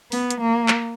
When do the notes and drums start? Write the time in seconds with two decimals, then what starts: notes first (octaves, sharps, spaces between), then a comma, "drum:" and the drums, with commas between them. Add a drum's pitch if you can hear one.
0.12 B3, drum: open hi-hat
0.31 drum: hi-hat
0.41 A#3
0.68 drum: clap